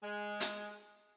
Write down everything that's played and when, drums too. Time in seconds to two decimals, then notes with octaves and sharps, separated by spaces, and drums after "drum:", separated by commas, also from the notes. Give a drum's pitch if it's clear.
0.03 G#3
0.40 drum: hi-hat